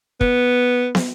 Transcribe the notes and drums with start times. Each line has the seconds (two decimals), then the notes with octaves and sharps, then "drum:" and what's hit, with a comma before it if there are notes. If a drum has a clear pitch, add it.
0.21 B3, drum: kick
0.95 drum: snare